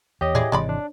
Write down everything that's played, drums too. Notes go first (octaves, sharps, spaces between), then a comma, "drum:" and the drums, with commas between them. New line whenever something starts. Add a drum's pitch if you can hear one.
E2 G4 C#5 D#5 D#6
E3 G#4 D5, drum: tom A2
G#1 C3 E3 G#3 D5 B5
D4